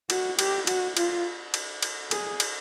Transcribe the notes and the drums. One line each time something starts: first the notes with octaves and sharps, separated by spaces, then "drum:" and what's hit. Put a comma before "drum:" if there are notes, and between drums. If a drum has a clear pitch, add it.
F#4, drum: cymbal
G4, drum: cymbal
F#4, drum: cymbal
F4, drum: cymbal
drum: cymbal
drum: cymbal
G#4, drum: cymbal
drum: cymbal